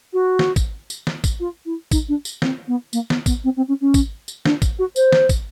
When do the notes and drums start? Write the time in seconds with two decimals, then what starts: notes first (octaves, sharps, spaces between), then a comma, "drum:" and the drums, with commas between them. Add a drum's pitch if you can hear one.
0.13 F#4
0.39 drum: snare
0.56 drum: kick, tambourine
0.90 drum: tambourine
1.07 drum: snare
1.24 drum: kick, tambourine
1.40 F4
1.66 E4
1.91 D#4, drum: kick, tambourine
2.09 D4
2.25 drum: tambourine
2.42 C4, drum: snare
2.68 B3
2.93 A#3, drum: tambourine
3.10 B3, drum: snare
3.26 B3, drum: kick, tambourine
3.44 C4
3.57 C4
3.68 C#4
3.81 C#4
3.94 drum: kick, tambourine
4.28 drum: tambourine
4.45 D4, drum: snare
4.62 drum: kick, tambourine
4.79 F#4
4.96 C5, drum: tambourine
5.12 drum: snare
5.29 drum: kick, tambourine